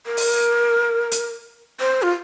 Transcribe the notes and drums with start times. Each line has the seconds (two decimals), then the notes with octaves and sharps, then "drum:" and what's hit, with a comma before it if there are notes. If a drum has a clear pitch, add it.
0.06 A#4
0.17 drum: open hi-hat
1.11 drum: hi-hat
1.80 C5
2.02 F4